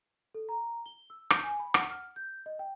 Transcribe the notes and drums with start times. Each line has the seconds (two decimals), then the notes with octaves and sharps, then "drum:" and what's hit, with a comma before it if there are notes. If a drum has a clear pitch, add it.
0.35 A4
0.49 A#5
0.86 G7
1.10 E6
1.30 G6, drum: rim click
1.44 G#5
1.59 B5
1.74 F#5, drum: rim click
1.90 F6
2.16 G6
2.46 D#5
2.59 G5